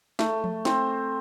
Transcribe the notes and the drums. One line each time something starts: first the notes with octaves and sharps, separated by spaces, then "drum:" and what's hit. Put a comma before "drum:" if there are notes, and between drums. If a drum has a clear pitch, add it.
A3, drum: snare
drum: tom F3
C4, drum: snare